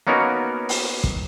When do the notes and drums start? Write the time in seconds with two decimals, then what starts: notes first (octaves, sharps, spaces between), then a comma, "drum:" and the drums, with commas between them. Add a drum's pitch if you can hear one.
0.07 A#3 B3 C#4 D#4 F#4 A#4
0.69 drum: open hi-hat
1.04 drum: kick